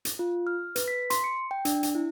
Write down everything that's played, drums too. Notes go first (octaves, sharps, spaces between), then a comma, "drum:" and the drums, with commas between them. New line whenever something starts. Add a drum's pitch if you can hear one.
drum: hi-hat
F4
F6
B4, drum: hi-hat
B6
C6, drum: hi-hat
C#7
G5
D4, drum: hi-hat
drum: hi-hat
E4